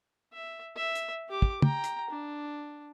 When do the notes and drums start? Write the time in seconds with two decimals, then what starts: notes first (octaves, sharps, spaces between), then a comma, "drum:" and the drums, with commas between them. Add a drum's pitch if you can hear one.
0.33 E5
0.76 E5
0.95 drum: hi-hat
1.29 G4 D6
1.42 drum: kick
1.62 G5 A#5, drum: tom
1.84 drum: hi-hat
2.10 D4